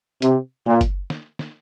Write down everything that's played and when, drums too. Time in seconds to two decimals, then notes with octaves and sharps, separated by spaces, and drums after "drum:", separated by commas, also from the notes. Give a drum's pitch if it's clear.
0.22 C3, drum: hi-hat
0.66 A#2
0.81 drum: kick F#1, hi-hat
1.10 drum: snare
1.39 drum: snare